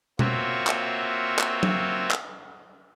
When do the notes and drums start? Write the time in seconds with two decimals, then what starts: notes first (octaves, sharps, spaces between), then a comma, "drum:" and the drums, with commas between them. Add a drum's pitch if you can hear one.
0.19 A#3 C4 F4 F#4 C#5 E5, drum: tom B2
0.67 drum: clap
1.39 drum: clap
1.63 drum: tom F#3
2.11 drum: clap